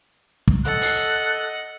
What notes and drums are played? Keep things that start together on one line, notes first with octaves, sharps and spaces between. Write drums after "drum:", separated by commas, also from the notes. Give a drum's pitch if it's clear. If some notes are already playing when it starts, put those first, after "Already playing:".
drum: kick
A4 D#5 F#5 F#6
drum: open hi-hat